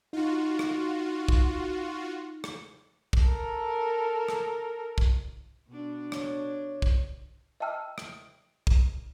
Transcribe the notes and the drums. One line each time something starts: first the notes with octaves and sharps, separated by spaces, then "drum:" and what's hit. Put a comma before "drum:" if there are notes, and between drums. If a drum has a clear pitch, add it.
D#4 F4 F#4
drum: rim click
drum: kick
drum: rim click
drum: kick
A4 A#4
drum: rim click
drum: kick
B2 D4
C#5, drum: rim click
drum: kick
D#5 E5 G5 A5 E6 F6
drum: rim click
drum: kick